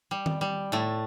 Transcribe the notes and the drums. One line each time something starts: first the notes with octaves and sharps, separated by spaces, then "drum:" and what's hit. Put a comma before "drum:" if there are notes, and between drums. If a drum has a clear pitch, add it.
G3
drum: tom D#3
G3
A2 A3